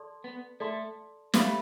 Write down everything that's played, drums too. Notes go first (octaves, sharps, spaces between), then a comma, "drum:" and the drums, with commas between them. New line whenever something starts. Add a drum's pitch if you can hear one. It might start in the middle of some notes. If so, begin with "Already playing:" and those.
Already playing: A4 D5 A5 C6
B3
A3 A4 D5 A5 C6
A3 G4 B4 F5 B5, drum: snare